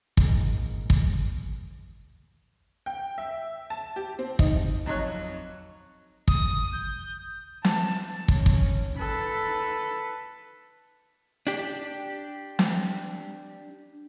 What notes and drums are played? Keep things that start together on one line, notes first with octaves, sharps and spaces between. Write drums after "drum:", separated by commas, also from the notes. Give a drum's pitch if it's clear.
A#1 G#2, drum: kick
drum: kick
G5
E5
A5
G4
C4
D#4, drum: kick
F2 F#3 D#4 C#5 F#6
D#6, drum: kick
G6
A5, drum: snare
C#4, drum: kick
drum: kick
A4 B4
D4 G4
drum: snare